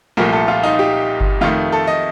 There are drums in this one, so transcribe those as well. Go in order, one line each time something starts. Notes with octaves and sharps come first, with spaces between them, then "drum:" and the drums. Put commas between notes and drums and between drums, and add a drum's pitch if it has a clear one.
C2 A#2 F3 A3 A#4
A4
F4
D#4
G4
drum: kick G1
F2 D#3 A3 F4
A4
D#5